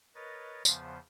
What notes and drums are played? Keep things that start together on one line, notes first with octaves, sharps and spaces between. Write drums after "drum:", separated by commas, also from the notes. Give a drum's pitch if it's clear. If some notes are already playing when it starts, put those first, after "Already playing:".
A#4 B4 C#5 D#5 A6
E2 C#3 F3 B3 C5, drum: tambourine